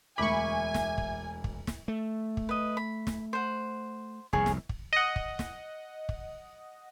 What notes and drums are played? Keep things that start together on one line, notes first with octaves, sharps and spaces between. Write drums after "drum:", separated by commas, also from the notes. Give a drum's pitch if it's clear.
E1 D2 E5 G#5 B5 C#6 D6
drum: snare
drum: kick
drum: kick
drum: snare
A3
drum: kick
B4 D#5
B5
drum: snare
C5 F#5
F1 C2 A2 G#4 C#5
drum: snare
drum: kick
D#5 F#5
drum: kick
drum: snare
drum: kick